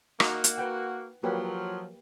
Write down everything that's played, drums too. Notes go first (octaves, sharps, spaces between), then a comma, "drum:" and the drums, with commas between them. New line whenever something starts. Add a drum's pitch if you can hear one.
A#3 D#4 F#4 D#5 A#5, drum: rim click
drum: hi-hat
B4 F#5 G5
F3 F#3 A#3 G4 B4